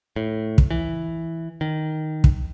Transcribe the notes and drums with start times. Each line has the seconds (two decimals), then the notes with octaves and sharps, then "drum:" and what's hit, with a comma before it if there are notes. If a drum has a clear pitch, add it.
0.16 A2
0.58 drum: kick
0.71 E3
1.61 D#3
2.24 drum: kick